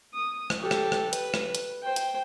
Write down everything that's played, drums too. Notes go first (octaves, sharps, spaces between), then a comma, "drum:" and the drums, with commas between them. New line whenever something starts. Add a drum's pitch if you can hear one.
D#6
drum: rim click
G4 A4
drum: rim click
drum: rim click
B4, drum: hi-hat
drum: rim click
drum: hi-hat
C5 G5
drum: hi-hat